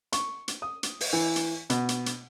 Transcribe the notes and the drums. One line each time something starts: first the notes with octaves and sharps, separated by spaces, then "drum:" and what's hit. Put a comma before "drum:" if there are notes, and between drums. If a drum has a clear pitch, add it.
C#6, drum: hi-hat
drum: hi-hat
D#6
drum: hi-hat
drum: open hi-hat
E3
drum: hi-hat
B2, drum: hi-hat
drum: hi-hat
drum: hi-hat